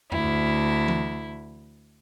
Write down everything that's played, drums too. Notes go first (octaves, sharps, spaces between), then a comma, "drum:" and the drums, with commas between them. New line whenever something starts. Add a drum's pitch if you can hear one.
D2 E4, drum: tom E2
drum: tom E3